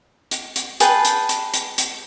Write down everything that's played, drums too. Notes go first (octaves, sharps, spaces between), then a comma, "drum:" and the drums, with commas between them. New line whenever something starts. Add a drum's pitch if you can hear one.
drum: hi-hat
drum: hi-hat
G#4 B4 G5 A5, drum: hi-hat
drum: hi-hat
drum: hi-hat
drum: hi-hat
drum: hi-hat